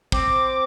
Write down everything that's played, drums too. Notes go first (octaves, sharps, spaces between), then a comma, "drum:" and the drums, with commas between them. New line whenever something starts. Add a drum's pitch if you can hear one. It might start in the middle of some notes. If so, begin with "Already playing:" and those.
C4 D6, drum: kick